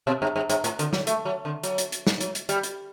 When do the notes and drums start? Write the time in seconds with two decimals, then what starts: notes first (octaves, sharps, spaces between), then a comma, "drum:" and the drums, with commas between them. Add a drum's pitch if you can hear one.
0.07 B2
0.22 G2
0.36 G2
0.50 G2, drum: hi-hat
0.64 A2, drum: hi-hat
0.79 D3, drum: hi-hat
0.93 F#3, drum: snare
1.07 A3, drum: hi-hat
1.25 F#3
1.45 D3
1.63 F#3, drum: hi-hat
1.78 drum: hi-hat
1.92 drum: hi-hat
2.07 drum: snare
2.21 F#3, drum: hi-hat
2.35 drum: hi-hat
2.49 G3, drum: hi-hat
2.63 drum: hi-hat